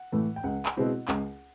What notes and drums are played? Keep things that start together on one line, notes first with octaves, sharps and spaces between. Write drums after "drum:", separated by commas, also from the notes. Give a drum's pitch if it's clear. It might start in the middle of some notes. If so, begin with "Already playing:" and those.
Already playing: F#5
A2 E3 A3
G5
C#2 F#5
drum: clap
B2 G#3 C4 E4
C#2, drum: clap